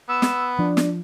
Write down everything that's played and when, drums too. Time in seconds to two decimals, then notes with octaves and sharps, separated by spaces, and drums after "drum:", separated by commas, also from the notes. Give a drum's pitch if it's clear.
0.09 B3 E6
0.22 drum: snare
0.59 F3 D4
0.77 drum: snare